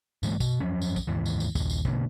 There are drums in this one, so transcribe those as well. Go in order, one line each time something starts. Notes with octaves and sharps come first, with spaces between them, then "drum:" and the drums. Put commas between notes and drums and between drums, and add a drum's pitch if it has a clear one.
G#2 E3 G#3 A#3, drum: tambourine
B2, drum: kick, tambourine
F#2 F3 F#3 C#4
drum: tambourine
drum: kick, tambourine
D#2 G#2 E3
drum: tambourine
drum: tambourine
A#1 D#2, drum: kick, tambourine
drum: tambourine
B2 D3 A#3, drum: kick